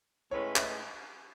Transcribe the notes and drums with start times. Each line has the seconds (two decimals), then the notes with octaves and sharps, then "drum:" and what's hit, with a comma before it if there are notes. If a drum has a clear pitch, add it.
0.31 A2 G#3 C#4 E4 B4 C#5
0.56 E5, drum: clap
0.62 D#5